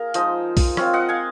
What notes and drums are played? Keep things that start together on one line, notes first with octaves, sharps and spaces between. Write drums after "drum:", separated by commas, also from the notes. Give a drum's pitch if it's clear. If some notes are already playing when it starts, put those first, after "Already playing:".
Already playing: A#3 G#4 A#4
F3 G#3 D#4 C5 D#5, drum: hi-hat
drum: kick B1, open hi-hat
G#3 C4 F4 C#5 F5, drum: rim click
D#5 F#5
F5 G#5